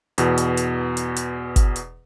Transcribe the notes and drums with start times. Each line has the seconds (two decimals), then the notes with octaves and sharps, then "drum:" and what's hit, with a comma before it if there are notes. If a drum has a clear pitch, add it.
0.18 E2 B2, drum: hi-hat
0.38 drum: hi-hat
0.57 drum: hi-hat
0.97 drum: hi-hat
1.16 drum: hi-hat
1.56 drum: kick G1, hi-hat
1.76 drum: hi-hat